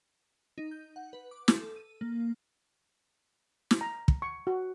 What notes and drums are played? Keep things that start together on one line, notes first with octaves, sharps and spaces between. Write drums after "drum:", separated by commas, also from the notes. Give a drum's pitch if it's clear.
D#4
G6
F#5
B4
D6
A4, drum: snare
D#7
A#3
drum: snare
A#5
drum: kick
C#6
F#4